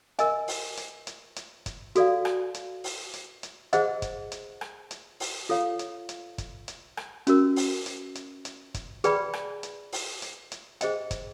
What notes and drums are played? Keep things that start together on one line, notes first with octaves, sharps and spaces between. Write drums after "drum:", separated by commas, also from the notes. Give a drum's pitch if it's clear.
A#4 D#5 G#5, drum: hi-hat
drum: open hi-hat
drum: hi-hat
drum: hi-hat
drum: hi-hat
drum: kick, hi-hat
F#4 A4 D5 F5, drum: hi-hat
drum: rim click
drum: hi-hat
drum: open hi-hat
drum: hi-hat
drum: hi-hat
G#4 C5 D#5 F#5, drum: hi-hat
drum: kick, hi-hat
drum: hi-hat
drum: rim click
drum: hi-hat
drum: open hi-hat
F4 A4 C#5 F5
drum: hi-hat
drum: hi-hat
drum: kick, hi-hat
drum: hi-hat
drum: rim click
C#4 F#4 A#4, drum: hi-hat
drum: open hi-hat
drum: hi-hat
drum: hi-hat
drum: hi-hat
drum: kick, hi-hat
G#4 B4 D5 G5 B5, drum: hi-hat
drum: rim click
drum: hi-hat
drum: open hi-hat
drum: hi-hat
drum: hi-hat
G#4 C5 D#5 G5, drum: hi-hat
drum: kick, hi-hat